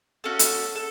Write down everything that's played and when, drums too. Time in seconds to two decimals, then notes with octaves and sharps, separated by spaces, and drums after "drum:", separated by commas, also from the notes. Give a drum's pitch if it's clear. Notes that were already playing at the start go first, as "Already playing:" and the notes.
0.24 C#4 F#4 A4
0.39 drum: hi-hat
0.75 A4